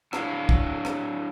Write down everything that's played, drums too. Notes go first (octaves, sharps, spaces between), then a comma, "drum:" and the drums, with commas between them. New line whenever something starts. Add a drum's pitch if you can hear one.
F#3 D4 E4 C#5 F5, drum: rim click
drum: kick
drum: rim click